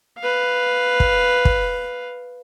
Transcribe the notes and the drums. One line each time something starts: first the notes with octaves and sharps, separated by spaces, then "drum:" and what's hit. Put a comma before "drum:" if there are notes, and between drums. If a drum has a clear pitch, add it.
B4 F5
drum: kick
drum: kick